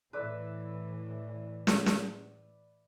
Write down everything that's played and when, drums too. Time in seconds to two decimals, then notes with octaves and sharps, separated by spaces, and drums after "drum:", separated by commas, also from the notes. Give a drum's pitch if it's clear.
0.13 A2 E3 B4 D5 E5
1.67 drum: snare
1.86 drum: snare